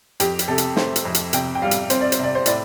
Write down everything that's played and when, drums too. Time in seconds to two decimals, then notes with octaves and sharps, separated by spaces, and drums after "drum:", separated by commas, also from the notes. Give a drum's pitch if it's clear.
0.20 F2 G4, drum: hi-hat
0.39 drum: hi-hat
0.48 C3 A4
0.58 drum: hi-hat
0.76 A3 C5, drum: snare
0.96 drum: hi-hat
1.05 F2
1.15 drum: hi-hat
1.33 C3 G5, drum: hi-hat
1.55 G5
1.62 G3 F5
1.71 drum: hi-hat
1.90 C4 C5, drum: hi-hat
2.01 D5
2.12 C5, drum: hi-hat
2.19 C3 D5
2.35 C5
2.46 A2 D5, drum: hi-hat